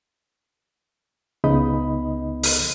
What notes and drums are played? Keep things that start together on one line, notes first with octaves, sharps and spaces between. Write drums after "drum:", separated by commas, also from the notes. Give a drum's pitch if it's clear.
C#2 C#3 B3 D#4 D#5 B5
drum: open hi-hat